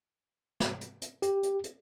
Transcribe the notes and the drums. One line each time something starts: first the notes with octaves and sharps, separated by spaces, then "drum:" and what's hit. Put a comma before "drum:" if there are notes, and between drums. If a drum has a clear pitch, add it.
drum: snare
drum: hi-hat
drum: hi-hat
G4, drum: hi-hat
drum: hi-hat
drum: hi-hat